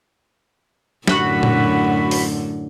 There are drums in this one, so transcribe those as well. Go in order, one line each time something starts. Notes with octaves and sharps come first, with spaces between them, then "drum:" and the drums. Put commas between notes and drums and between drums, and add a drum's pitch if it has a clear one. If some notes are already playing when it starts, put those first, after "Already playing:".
F#2 A2 D3 F#4 B5, drum: snare
drum: tom A#2
drum: open hi-hat